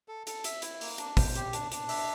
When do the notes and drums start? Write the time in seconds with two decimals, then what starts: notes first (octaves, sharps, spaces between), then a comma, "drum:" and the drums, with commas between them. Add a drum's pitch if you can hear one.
0.08 A4
0.27 A4, drum: hi-hat
0.44 E5, drum: hi-hat
0.62 E4, drum: hi-hat
0.81 A#3, drum: open hi-hat
0.98 D4, drum: hi-hat
1.17 C5, drum: kick, open hi-hat
1.35 G4, drum: hi-hat
1.53 D4, drum: hi-hat
1.72 D4, drum: hi-hat
1.89 E5, drum: open hi-hat